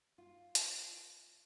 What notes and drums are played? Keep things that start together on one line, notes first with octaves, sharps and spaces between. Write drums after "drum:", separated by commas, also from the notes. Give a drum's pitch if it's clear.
F4
drum: hi-hat